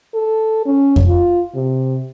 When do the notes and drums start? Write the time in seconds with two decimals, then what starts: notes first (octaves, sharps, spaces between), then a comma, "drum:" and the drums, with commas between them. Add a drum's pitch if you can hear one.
0.14 A4
0.66 C#4
0.96 drum: kick F2
1.07 F4
1.55 C3